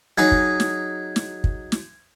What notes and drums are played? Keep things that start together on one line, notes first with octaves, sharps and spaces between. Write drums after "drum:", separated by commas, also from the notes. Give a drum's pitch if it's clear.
F#3 D#4 G#4 G#6
drum: kick
drum: snare
drum: snare
drum: kick
drum: snare